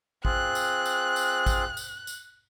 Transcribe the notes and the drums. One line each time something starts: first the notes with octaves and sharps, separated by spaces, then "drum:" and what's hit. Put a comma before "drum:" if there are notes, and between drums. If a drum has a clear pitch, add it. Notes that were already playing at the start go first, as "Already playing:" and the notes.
C4 F4 G#4 F#6, drum: kick A1
drum: tambourine
drum: tambourine
drum: tambourine
drum: kick A1, tambourine
drum: tambourine
drum: tambourine